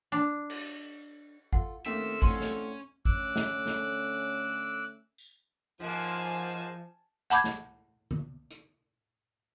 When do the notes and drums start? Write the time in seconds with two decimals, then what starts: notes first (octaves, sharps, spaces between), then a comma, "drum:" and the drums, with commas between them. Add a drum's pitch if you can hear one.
0.12 D4
0.50 drum: cymbal
1.53 F4 A4 F#5, drum: kick
1.86 D#2 A3 A#3 C4 C#4 F4 A4 E5
2.22 A2 D3 C#4 G#5 C6, drum: kick
2.40 drum: snare
3.05 D3 A3 C#4 D6 E6 F#6, drum: kick
3.36 drum: snare
3.66 drum: snare
5.18 drum: tambourine
5.80 G#2 F3 A#3 G#5 A5
7.30 F#5 A5 B5 D6 G6 G#6, drum: hi-hat
7.44 drum: snare
8.11 drum: tom D3
8.51 drum: hi-hat